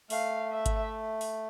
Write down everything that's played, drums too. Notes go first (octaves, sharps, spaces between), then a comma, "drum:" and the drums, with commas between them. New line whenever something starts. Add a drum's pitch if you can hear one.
A3 F5, drum: open hi-hat
E5
drum: kick G#1, hi-hat
drum: open hi-hat